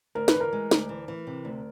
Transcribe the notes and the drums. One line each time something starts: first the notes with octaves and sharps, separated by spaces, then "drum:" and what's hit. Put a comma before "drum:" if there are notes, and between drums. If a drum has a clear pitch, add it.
D2 A#4
B4, drum: snare
E3
A#4
G#3
D2, drum: snare
E3
E3
C3
D2